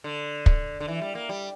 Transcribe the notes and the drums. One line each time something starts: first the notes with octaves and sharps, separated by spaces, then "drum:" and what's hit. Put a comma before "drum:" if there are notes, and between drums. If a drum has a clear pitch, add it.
D3
drum: kick
D3
E3
G3
A#3
G3